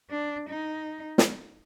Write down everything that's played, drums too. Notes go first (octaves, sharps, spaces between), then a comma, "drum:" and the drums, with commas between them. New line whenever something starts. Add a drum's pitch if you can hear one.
D4
D#4
drum: snare